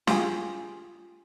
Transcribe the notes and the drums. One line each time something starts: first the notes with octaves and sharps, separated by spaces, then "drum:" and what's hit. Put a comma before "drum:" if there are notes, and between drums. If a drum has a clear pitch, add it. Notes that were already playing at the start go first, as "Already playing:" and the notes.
F4 G4 G#4, drum: snare